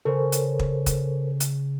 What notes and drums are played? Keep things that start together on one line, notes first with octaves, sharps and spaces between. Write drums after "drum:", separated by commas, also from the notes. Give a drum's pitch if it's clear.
C#3 A4 A#4 C5
drum: hi-hat
drum: kick
drum: kick, hi-hat
drum: hi-hat